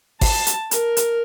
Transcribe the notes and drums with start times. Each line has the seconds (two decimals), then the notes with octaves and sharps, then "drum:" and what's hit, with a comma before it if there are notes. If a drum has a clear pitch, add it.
0.21 A5, drum: kick G#1, open hi-hat
0.47 drum: hi-hat
0.71 A#4, drum: hi-hat
0.97 drum: hi-hat